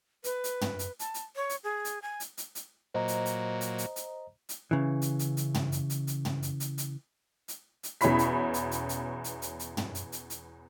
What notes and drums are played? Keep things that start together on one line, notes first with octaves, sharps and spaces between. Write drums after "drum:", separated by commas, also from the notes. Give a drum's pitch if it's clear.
B4, drum: hi-hat
drum: hi-hat
drum: tom
drum: hi-hat
A5, drum: hi-hat
drum: hi-hat
C#5
drum: hi-hat
G#4
drum: hi-hat
G#5
drum: hi-hat
drum: hi-hat
drum: hi-hat
A#2 F#3 C5 D#5 A#5
drum: hi-hat
drum: hi-hat
drum: hi-hat
drum: hi-hat
drum: hi-hat
drum: hi-hat
C#3 E3
drum: hi-hat
drum: hi-hat
drum: hi-hat
drum: tom
drum: hi-hat
drum: hi-hat
drum: hi-hat
drum: tom
drum: hi-hat
drum: hi-hat
drum: hi-hat
drum: hi-hat
drum: hi-hat
E2 B2 C#4 E4 B5 B6, drum: hi-hat
drum: hi-hat
drum: hi-hat
drum: hi-hat
drum: hi-hat
drum: hi-hat
drum: hi-hat
drum: hi-hat
drum: tom
drum: hi-hat
drum: hi-hat
drum: hi-hat